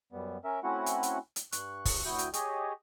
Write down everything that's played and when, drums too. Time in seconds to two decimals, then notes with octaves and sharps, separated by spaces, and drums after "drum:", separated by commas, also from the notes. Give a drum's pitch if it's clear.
0.13 F#2 G3 B3
0.45 C#4 A#4 E5
0.64 A3 C4 C#4 E4 F#4 F#5
0.86 drum: hi-hat
1.03 drum: hi-hat
1.36 drum: hi-hat
1.52 G2 C#6 F#6, drum: hi-hat
1.85 drum: kick, open hi-hat
2.05 D2 E4 F#4 G5 D#6 G6
2.18 drum: hi-hat
2.33 G4 G#4 C#5 D#5, drum: hi-hat